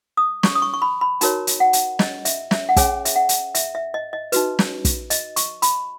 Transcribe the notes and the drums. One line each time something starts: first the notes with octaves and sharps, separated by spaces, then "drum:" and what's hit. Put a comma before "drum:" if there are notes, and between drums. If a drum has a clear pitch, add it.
D#6
C#6, drum: snare
D#6
C#6
C#6
B5
B5
D#4 F#4 A#4 C#5 A#5, drum: hi-hat
drum: hi-hat
F#5
drum: hi-hat
D#5, drum: snare
E5, drum: hi-hat
E5, drum: snare
F#5
C#4 G#4 C#5 G#5, drum: kick, hi-hat
E5, drum: hi-hat
F#5
drum: hi-hat
E5, drum: hi-hat
E5
D#5
D#5
D#4 F#4 B4, drum: hi-hat
drum: snare
drum: kick, hi-hat
D#5, drum: hi-hat
C#6, drum: hi-hat
B5, drum: hi-hat